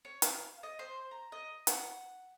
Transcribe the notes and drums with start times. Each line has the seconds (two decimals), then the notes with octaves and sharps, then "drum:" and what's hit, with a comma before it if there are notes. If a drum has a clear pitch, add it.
0.05 C#5
0.22 F5, drum: hi-hat
0.63 D#5
0.79 C5
1.11 A#5
1.32 D#5
1.67 F#5, drum: hi-hat